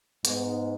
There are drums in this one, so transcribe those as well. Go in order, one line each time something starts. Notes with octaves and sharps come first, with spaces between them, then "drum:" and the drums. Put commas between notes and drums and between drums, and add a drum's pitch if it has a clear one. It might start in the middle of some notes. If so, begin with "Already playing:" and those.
G#2 G#3 B3, drum: hi-hat